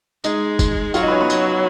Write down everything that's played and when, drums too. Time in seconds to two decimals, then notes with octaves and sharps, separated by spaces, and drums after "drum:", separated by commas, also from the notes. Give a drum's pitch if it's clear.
0.24 G#3 D#4 D#5, drum: tambourine
0.59 drum: kick, tambourine
0.94 F#3 F4 F5, drum: tambourine
1.03 D#4 D#5
1.08 B4
1.12 C#4 C#5
1.21 B3 B4
1.30 F#3, drum: tambourine